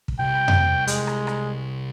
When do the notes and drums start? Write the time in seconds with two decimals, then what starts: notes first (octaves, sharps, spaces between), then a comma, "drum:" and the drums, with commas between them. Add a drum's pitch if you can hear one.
0.08 drum: kick
0.20 C2 G5
0.48 drum: tom F2
0.87 G#3, drum: hi-hat
1.07 drum: rim click
1.27 drum: rim click